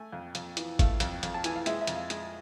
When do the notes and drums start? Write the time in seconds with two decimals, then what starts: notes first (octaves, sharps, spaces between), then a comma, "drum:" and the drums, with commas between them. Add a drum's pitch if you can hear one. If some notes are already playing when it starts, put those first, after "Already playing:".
Already playing: A3 G#5
0.13 F2
0.35 F2, drum: hi-hat
0.57 E3, drum: hi-hat
0.79 A3 F5, drum: kick G#1, hi-hat
1.00 F2, drum: hi-hat
1.23 F2, drum: hi-hat
1.34 A5
1.44 E3 G#5, drum: hi-hat
1.56 F5
1.66 G#3 E5, drum: hi-hat
1.81 E5
1.87 F2, drum: hi-hat
1.95 F5
2.10 G#3, drum: hi-hat